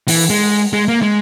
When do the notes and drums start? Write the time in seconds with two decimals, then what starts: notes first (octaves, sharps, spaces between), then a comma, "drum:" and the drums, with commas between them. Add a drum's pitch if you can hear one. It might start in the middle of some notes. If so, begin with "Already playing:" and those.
0.08 E3, drum: open hi-hat
0.30 G#3
0.73 G#3
0.88 A#3
1.03 G#3